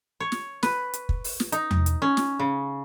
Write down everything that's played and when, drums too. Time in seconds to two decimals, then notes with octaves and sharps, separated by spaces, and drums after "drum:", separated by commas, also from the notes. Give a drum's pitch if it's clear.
0.20 C#5
0.32 drum: snare
0.63 B4, drum: snare
0.94 drum: hi-hat
1.09 drum: kick
1.24 drum: open hi-hat
1.40 drum: snare
1.52 D#4, drum: hi-hat
1.71 drum: tom E2
1.86 drum: hi-hat
2.02 C#4
2.17 drum: snare
2.40 C#3